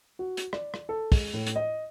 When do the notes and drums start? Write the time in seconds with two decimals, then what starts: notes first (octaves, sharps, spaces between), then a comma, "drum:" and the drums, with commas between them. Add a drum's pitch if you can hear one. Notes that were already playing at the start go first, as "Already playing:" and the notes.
0.19 F#4
0.37 drum: hi-hat
0.53 D5, drum: rim click
0.74 drum: rim click
0.89 A4
1.12 G#3, drum: kick, open hi-hat
1.34 A2
1.47 drum: hi-hat
1.56 D#5